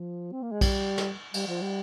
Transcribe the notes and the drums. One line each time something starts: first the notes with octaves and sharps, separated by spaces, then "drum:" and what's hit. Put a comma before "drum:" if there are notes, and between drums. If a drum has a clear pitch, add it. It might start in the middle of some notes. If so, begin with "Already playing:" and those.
Already playing: F3
C4
A#3
G#3
G3, drum: kick A#1, cymbal
drum: snare
G3, drum: cymbal
F3
G3